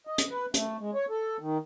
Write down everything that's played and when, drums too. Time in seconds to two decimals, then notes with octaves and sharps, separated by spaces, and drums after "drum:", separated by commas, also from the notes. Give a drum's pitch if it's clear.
0.07 D#5
0.18 drum: hi-hat
0.31 B4
0.54 A3, drum: hi-hat
0.80 G#3
0.94 C#5
1.10 A4
1.40 D#3